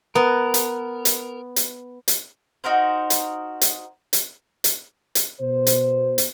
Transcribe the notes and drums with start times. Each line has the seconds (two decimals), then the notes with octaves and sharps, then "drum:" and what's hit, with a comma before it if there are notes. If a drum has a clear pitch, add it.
0.15 B3 A#4
0.54 drum: hi-hat
1.05 drum: hi-hat
1.56 drum: hi-hat
2.08 drum: hi-hat
2.64 D#4 F#4 A#4 C5
3.10 drum: hi-hat
3.61 drum: hi-hat
4.13 drum: hi-hat
4.64 drum: hi-hat
5.15 drum: hi-hat
5.41 B2 C5
5.67 drum: hi-hat
6.18 drum: hi-hat